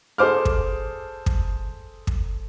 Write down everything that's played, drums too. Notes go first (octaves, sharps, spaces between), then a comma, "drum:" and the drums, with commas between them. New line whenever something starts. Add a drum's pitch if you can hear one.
G#4 A4 C5 D6 F6
drum: kick
drum: kick
drum: kick